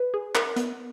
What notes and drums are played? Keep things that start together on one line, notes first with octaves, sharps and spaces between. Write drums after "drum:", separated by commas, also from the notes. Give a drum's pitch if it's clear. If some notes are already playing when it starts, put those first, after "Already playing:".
Already playing: B4
G#4
A#4, drum: clap
B3, drum: hi-hat